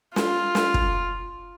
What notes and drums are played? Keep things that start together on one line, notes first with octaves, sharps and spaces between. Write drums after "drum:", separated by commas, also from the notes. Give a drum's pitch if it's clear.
F4, drum: snare
drum: snare
drum: kick